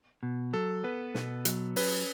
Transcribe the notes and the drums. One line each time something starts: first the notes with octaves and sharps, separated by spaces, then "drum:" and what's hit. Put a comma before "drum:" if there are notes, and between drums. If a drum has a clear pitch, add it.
B2
F#3 A4
B3 B4
B2, drum: snare
F#3, drum: hi-hat
C#4 B4, drum: open hi-hat